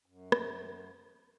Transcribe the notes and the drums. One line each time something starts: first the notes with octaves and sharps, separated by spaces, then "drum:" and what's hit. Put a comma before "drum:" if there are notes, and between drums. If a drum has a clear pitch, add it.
F#2
drum: rim click